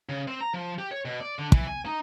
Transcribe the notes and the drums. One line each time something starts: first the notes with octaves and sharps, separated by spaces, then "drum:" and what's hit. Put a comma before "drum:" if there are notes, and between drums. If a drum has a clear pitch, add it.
C#3
C4
A#5
F3
G4
C#5
B2
D5
D3
E3, drum: kick
G#5
D#4